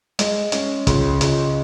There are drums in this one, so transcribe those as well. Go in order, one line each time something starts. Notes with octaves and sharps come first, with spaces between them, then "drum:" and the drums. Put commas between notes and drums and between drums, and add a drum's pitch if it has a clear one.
G#3, drum: hi-hat
C#4, drum: hi-hat
C#2, drum: kick, hi-hat
C#2, drum: hi-hat